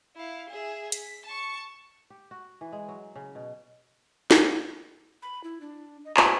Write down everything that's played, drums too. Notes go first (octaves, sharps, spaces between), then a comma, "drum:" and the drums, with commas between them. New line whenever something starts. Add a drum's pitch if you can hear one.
E4 F5
G#4 E5
B6, drum: hi-hat
A5 C#6
G4
F#4
E3
G#3
F#3
C#3
B2
drum: snare
B5
E4
D4
D#5
F4, drum: clap